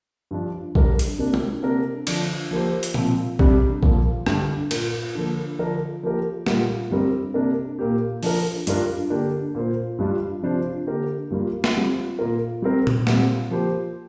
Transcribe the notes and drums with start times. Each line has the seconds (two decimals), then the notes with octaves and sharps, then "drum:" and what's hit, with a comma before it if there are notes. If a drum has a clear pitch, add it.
0.31 G2 F3 D4
0.75 G3 D4 A#4, drum: kick A#1
0.99 drum: hi-hat
1.18 C3 A#3 D4
1.34 drum: tom G#3
1.63 C3 A#3 D4 A#4
2.07 D3 F3 D4, drum: cymbal
2.51 F3 A#3 G4 C5
2.83 drum: hi-hat
2.94 A#2 F3 C4, drum: tom B2
3.39 C3 G3 D4 G4, drum: kick A#1
3.83 A#2 F3 A#3, drum: kick A#1
4.26 G2 D3 G3, drum: rim click
4.71 A#2 A#3 F4, drum: cymbal
5.15 D3 F3 A#3
5.59 D3 F3 D4 A#4
6.03 F3 A#3 G4 A#4
6.46 A#2 G3 A#3 F4, drum: snare
6.90 G2 G3 C4 A#4
7.34 C3 A#3 D4 A#4
7.79 A#2 A#3 G4
8.23 F3 D4 A#4, drum: open hi-hat
8.67 G2 G3 D4 F4 A#4, drum: hi-hat
9.10 D3 A#3 D4 G4
9.55 A#2 A#3 F4 C5
9.98 G2 G3 D4 F4
10.42 C3 F3 D4 F4 C5
10.87 D3 A#3 G4 A#4
11.30 G2 G3 A#3 F4
11.64 drum: snare
11.74 G3 C4 F4
12.19 A#2 A#3 F4 A#4
12.62 G3 C4 A#4
12.87 drum: tom A#2
13.07 A#2 G3 C4, drum: snare
13.51 F3 A#3 G4 C5